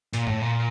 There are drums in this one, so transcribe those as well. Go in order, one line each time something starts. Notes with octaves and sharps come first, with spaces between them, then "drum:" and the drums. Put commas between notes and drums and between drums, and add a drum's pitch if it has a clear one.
A#2, drum: hi-hat
A2, drum: tom F#2
A#2